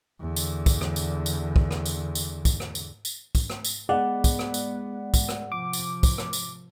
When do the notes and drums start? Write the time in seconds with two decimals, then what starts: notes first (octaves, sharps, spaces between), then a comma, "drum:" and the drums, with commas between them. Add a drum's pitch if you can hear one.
0.21 E2 D3
0.36 drum: tambourine
0.66 drum: kick, tambourine
0.81 drum: rim click
0.96 drum: tambourine
1.26 drum: tambourine
1.56 drum: kick
1.71 drum: rim click
1.86 drum: tambourine
2.15 drum: tambourine
2.45 drum: kick, tambourine
2.60 drum: rim click
2.75 drum: tambourine
3.05 drum: tambourine
3.35 drum: kick, tambourine
3.50 drum: rim click
3.65 drum: tambourine
3.89 G#3 B3 D5 F#5
4.24 drum: kick, tambourine
4.39 drum: rim click
4.54 drum: tambourine
5.14 drum: kick, tambourine
5.29 drum: rim click
5.52 C3 F3 D6
5.73 drum: tambourine
6.03 drum: kick, tambourine
6.18 drum: rim click
6.33 drum: tambourine